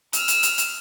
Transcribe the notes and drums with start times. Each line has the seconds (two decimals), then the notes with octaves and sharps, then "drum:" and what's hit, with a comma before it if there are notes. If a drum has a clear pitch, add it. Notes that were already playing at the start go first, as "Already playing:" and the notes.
0.13 E6 F6, drum: hi-hat
0.28 drum: hi-hat
0.43 drum: hi-hat
0.58 drum: hi-hat